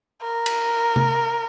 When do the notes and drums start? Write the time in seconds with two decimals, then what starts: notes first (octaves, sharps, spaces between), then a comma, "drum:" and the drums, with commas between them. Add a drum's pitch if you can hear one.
0.22 A#4
0.46 drum: cymbal
0.96 drum: tom C3